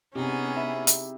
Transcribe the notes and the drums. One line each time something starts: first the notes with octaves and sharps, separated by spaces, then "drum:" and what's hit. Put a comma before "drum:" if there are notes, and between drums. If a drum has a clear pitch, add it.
C3 B3 C#4 D#4 G#4
E4 E5
drum: hi-hat